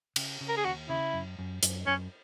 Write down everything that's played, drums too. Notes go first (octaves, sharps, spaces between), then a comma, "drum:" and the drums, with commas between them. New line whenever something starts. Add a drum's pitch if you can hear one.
C#3, drum: cymbal
C#3
A#4
G#4
D#2 F#4
C#3 E4
F#2
F#2
F#2, drum: hi-hat
F#2 C#4